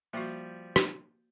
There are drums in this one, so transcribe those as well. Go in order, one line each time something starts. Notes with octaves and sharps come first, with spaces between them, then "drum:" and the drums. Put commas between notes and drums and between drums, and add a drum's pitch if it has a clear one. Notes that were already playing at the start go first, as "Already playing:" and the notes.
F3 G3 A#3 F#4
drum: rim click